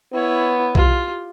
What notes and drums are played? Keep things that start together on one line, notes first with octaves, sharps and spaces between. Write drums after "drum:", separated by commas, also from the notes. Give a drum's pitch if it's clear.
B3 E4 C#5
F4 G4, drum: kick B1